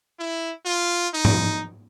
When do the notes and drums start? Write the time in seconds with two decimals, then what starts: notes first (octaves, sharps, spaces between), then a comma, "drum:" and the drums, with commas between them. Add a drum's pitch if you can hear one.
0.19 E4
0.65 F4
1.14 D#4
1.25 drum: tom G#2